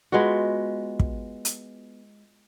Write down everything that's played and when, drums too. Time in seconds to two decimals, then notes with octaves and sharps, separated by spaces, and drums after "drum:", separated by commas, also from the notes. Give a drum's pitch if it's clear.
0.12 G#3 B3 F4 F#4
0.99 drum: kick
1.45 drum: hi-hat